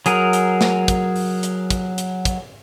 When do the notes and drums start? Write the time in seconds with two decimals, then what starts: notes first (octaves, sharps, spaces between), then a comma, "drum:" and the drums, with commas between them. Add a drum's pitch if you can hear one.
0.06 F#3 G#4 A#4, drum: hi-hat
0.33 drum: hi-hat
0.61 drum: snare
0.88 drum: kick, hi-hat
1.16 drum: open hi-hat
1.43 drum: hi-hat
1.71 drum: kick, hi-hat
1.98 drum: hi-hat
2.25 drum: kick, hi-hat